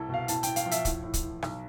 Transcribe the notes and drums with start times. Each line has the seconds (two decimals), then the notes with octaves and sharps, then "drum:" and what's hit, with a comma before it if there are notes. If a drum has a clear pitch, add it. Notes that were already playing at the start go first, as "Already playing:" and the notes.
Already playing: C2 E4 A4
0.09 B2 F5
0.28 A2 A5, drum: hi-hat
0.43 E4 G5, drum: hi-hat
0.56 F5, drum: hi-hat
0.66 F3
0.71 E5, drum: hi-hat
0.85 A2, drum: kick, hi-hat
1.03 A2
1.14 drum: kick, hi-hat
1.23 E3
1.42 B1, drum: rim click